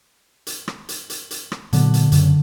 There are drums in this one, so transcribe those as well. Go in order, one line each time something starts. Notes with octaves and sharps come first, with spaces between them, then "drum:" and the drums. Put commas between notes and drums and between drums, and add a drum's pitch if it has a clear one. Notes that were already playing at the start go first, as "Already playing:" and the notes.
drum: hi-hat
drum: rim click
drum: hi-hat
drum: hi-hat
drum: hi-hat
drum: rim click
A#2 D3 F#3 B3, drum: hi-hat
drum: hi-hat
F#2 C#3, drum: hi-hat